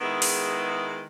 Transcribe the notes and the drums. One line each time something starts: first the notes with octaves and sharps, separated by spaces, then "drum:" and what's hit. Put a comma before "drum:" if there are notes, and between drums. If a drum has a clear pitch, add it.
D#3 G#3 B3 E4 G#4 B4
drum: open hi-hat